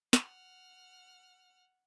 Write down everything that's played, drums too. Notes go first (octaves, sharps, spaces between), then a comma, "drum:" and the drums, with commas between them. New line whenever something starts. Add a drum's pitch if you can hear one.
F#5 F6, drum: snare